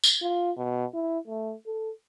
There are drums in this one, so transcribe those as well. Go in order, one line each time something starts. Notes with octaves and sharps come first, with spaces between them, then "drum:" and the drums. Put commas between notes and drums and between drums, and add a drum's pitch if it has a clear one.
drum: tambourine
F4
B2
E4
A3
A4